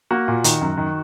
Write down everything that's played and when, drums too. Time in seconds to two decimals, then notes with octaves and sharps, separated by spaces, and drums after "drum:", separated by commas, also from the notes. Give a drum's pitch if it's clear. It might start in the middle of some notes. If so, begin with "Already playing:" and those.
0.11 A#3 F#4
0.28 A#2
0.44 D#3, drum: hi-hat
0.62 F#2
0.77 D#3